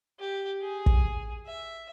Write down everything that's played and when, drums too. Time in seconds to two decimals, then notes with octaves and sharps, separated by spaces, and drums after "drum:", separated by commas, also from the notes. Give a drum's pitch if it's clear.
0.19 G4
0.61 G#4
0.86 drum: kick
1.46 E5